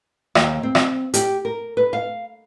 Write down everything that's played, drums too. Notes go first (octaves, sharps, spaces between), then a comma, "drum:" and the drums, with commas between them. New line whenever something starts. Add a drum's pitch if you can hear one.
D#2, drum: rim click
C4
drum: rim click
G4, drum: hi-hat
A#4
B4
F5